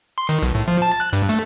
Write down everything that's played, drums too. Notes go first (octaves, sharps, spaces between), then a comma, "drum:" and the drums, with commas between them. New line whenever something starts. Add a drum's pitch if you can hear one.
C6
D#3, drum: hi-hat
B1, drum: hi-hat
A2
F3
A5
F#6
G2, drum: hi-hat
A3, drum: hi-hat